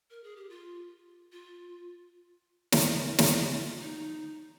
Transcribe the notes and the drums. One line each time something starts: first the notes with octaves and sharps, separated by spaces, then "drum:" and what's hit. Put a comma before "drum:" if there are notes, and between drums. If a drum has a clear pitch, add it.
A#4
G#4
G4
F4
F4
drum: snare
A#4
G#4, drum: snare
G4
F4
D#4